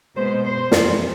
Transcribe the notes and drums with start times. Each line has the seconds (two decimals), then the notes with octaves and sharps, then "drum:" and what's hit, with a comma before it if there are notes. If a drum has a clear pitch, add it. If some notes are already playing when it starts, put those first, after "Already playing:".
0.15 B2 G#3 B3 C5
0.43 C5
0.71 F2 E3 G#3 B3, drum: snare